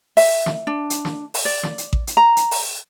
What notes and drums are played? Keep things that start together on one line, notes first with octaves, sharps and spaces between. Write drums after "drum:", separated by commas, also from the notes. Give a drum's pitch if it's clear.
E5, drum: open hi-hat
drum: snare
D4
drum: hi-hat
drum: snare
drum: open hi-hat
D5
drum: snare
drum: hi-hat
drum: kick A1
drum: hi-hat
A#5
drum: hi-hat
drum: open hi-hat